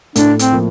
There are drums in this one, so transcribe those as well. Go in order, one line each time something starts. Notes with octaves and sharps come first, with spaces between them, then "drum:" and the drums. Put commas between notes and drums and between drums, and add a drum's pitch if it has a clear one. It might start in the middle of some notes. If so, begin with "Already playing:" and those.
A2 D4, drum: hi-hat
C4, drum: hi-hat
F3 A#3